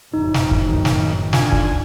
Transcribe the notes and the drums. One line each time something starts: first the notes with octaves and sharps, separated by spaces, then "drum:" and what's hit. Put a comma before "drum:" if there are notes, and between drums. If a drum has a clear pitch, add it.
F#1 F2 A2 D#4
drum: snare
drum: kick
D#3
drum: snare
D3 F4 G#5, drum: snare
drum: kick